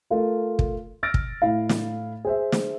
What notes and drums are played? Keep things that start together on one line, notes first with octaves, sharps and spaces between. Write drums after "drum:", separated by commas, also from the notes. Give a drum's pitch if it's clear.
A3 F4 A#4
drum: kick
E6 F6 A6 A#6 D7
drum: kick
A2 E4 F5
drum: snare
G#4 C5 E5
drum: snare